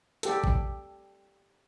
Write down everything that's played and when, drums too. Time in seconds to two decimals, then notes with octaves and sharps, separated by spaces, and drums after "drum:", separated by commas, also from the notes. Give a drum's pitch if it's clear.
0.23 G4 A4, drum: hi-hat
0.44 drum: kick A1